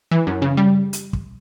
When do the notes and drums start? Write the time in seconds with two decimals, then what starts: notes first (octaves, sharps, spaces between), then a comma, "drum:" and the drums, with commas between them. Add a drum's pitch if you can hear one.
0.11 E3
0.27 F#2
0.42 C#3
0.57 G3
0.93 drum: hi-hat
1.13 drum: kick